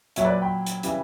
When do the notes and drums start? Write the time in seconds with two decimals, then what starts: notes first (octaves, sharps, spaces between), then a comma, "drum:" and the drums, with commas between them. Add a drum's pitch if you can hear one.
0.16 A#2 F#3 C#5 E5, drum: hi-hat
0.25 B4 D5
0.42 G5 B5
0.66 drum: hi-hat
0.83 C#3 E3 G3, drum: hi-hat